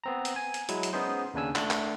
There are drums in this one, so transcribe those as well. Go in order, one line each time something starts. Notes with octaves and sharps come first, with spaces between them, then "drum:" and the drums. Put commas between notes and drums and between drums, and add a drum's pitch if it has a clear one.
B3 C4 A#5
drum: hi-hat
G#5
drum: hi-hat
F#3 G#3 E4, drum: hi-hat
drum: hi-hat
B3 C#4 D#4 G#4 C5
D#2 C#3 D4 G#5 E6
A3 D4, drum: clap
drum: clap